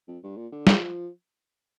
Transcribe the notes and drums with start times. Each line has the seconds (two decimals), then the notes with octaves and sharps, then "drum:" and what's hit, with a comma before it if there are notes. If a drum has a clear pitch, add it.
0.08 F2
0.23 G2
0.37 A#2
0.52 D3
0.67 F3, drum: snare